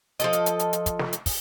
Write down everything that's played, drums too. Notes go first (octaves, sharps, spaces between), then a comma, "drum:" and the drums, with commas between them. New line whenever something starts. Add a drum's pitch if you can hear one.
F3 A4 D#5, drum: hi-hat
drum: hi-hat
drum: hi-hat
drum: hi-hat
drum: hi-hat
drum: kick, hi-hat
drum: snare
drum: hi-hat
drum: kick, open hi-hat